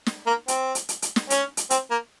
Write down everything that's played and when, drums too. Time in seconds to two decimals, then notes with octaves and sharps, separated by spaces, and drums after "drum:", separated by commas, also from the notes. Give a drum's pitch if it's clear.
0.06 drum: snare
0.27 A#3
0.48 C4, drum: hi-hat
0.75 drum: hi-hat
0.89 drum: hi-hat
1.02 drum: hi-hat
1.16 drum: snare
1.30 C#4, drum: hi-hat
1.57 drum: hi-hat
1.70 C4, drum: hi-hat
1.91 A#3